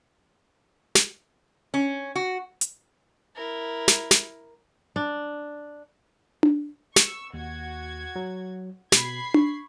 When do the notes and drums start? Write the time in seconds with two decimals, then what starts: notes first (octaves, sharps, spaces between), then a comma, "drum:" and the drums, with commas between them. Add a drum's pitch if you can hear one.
0.95 drum: snare
1.74 C#4
2.15 F#4
2.61 drum: hi-hat
3.36 E4 A#4
3.88 drum: snare
4.11 drum: snare
4.96 D4
6.43 drum: tom D4
6.96 C#6 E6, drum: snare
7.34 D#2 F#4 G#6
8.16 F#3
8.92 B2 B5 G#6 C7, drum: snare
9.34 C#6, drum: tom D4